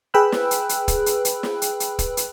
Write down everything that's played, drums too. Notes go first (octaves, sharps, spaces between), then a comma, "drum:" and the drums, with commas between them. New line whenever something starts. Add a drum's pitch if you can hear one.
G#4 B4 G5 B5 E6 F#6
drum: snare
drum: hi-hat
drum: hi-hat
drum: kick, hi-hat
drum: hi-hat
drum: hi-hat
drum: snare
drum: hi-hat
drum: hi-hat
drum: kick, hi-hat
drum: hi-hat